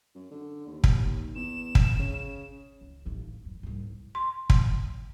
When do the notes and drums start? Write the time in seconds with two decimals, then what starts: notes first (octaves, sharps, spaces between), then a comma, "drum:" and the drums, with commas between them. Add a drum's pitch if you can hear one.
0.15 F#2
0.31 D3
0.67 D#2
0.84 drum: kick
1.35 E2 E7
1.75 drum: kick
1.99 C#3
2.81 C#2
3.06 A1 D2
3.19 F3
3.34 D3
3.45 F#2
3.63 C2 G#2
4.15 C6
4.50 drum: kick